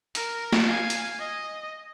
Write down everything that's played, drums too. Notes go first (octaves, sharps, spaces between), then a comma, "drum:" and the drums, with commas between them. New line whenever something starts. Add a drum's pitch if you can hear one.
A#4, drum: hi-hat
drum: snare
F5 G#5
drum: hi-hat
D#5